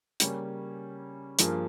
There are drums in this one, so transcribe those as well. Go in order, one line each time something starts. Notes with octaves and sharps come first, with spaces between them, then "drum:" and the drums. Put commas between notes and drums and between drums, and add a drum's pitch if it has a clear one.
C#3 G3 A#3 C#4, drum: hi-hat
G2 F3 A#3 F4 G#4, drum: hi-hat